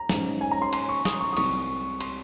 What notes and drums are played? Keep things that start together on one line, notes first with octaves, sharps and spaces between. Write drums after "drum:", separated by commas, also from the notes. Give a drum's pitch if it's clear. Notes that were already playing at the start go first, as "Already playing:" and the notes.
Already playing: A#5
G#2 F#3 C#4, drum: snare
G#5
A#5
C6
C6, drum: cymbal
C#6
D#6, drum: snare
C#6
D#6
C2 C3 F#3 C#6, drum: cymbal
C6, drum: cymbal